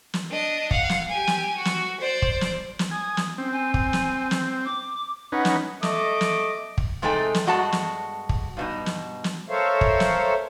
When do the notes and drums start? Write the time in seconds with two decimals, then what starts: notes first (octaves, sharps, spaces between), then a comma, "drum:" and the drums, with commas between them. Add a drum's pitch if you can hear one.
0.14 drum: snare
0.30 D4 D#5
0.71 F5 F#5, drum: kick
0.89 drum: snare
1.08 G4 G#5
1.27 drum: snare
1.56 F#4
1.65 drum: snare
2.00 C5 D5
2.22 drum: kick
2.41 drum: snare
2.79 drum: snare
2.91 G#5 D#6
3.17 drum: snare
3.38 C4 C#4
3.52 G#5
3.74 drum: kick
3.93 drum: snare
4.31 drum: snare
4.65 D6
5.32 C#4 D#4 B4 F#5
5.45 drum: snare
5.83 A3 D#5 D6, drum: snare
6.21 drum: snare
6.78 drum: kick
7.02 C3 G#3 A3 D#4 A4 G5
7.34 drum: snare
7.46 G2 G#3 F#4 G4 A5
7.72 drum: snare
8.29 drum: kick
8.57 G2 B2 D#4
8.86 drum: snare
9.24 drum: snare
9.49 A4 A#4 C5 C#5 E5 F5
9.81 drum: kick
10.00 drum: snare